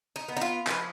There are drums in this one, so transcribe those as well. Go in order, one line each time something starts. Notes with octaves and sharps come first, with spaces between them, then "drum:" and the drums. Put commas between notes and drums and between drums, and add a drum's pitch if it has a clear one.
D#4
B3
D#4
F4
F3 B4, drum: clap